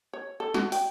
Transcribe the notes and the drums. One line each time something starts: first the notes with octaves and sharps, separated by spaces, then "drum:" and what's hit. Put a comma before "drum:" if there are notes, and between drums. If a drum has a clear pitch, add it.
C#5
A4
F#4, drum: snare
G5, drum: open hi-hat